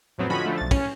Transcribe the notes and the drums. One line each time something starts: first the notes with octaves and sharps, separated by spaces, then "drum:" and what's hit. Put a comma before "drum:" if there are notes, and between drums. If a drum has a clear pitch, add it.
F2 A2 F#3 B3 C4
D3 F3 C#4 F#4 D#5 B5
D3 F3 A3
B1 A6
C#4, drum: kick, cymbal